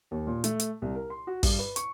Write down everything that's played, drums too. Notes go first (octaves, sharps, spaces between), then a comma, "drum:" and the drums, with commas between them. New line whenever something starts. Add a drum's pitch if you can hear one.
D#2
A#2
A3, drum: hi-hat
drum: hi-hat
C2
A#4
C6
F#4
G2, drum: kick, open hi-hat
B4
C#6, drum: hi-hat